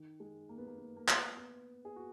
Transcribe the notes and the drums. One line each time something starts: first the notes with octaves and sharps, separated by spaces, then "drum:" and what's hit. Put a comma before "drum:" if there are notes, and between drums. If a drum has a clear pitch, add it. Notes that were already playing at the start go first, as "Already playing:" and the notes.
Already playing: D#3
G#3
A#3
B3
A#3
B3
A#3
B3, drum: clap
B3
G#4
F#4